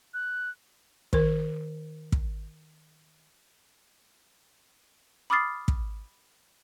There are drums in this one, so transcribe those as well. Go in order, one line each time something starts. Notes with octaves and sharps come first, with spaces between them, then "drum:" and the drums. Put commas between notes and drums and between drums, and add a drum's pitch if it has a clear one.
F#6
D#3 A#4, drum: kick
drum: kick
B5 D6 D#6 F6 A6 C7
drum: kick